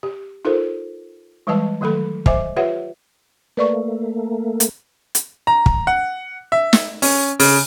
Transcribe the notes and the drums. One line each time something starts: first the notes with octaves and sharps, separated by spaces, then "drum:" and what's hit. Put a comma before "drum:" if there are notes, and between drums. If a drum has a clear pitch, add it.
G4
D#4 F4 A4 A#4 C5
E3 G3 G#3 B4 D#5 A5
D#3 F#3 A3 A4 B5
C5 D#5 E5 G#5 D6, drum: kick
F4 G4 B4 C#5 E5 F#5
A3 A#3 B4 D5 C#6
drum: hi-hat
drum: hi-hat
A#5
drum: kick
F#5
E5
drum: snare
C#4, drum: open hi-hat
C#3, drum: open hi-hat